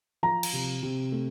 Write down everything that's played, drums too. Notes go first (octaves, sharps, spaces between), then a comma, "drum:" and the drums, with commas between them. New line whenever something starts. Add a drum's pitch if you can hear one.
F3 A#5
drum: cymbal
C3
C3
A3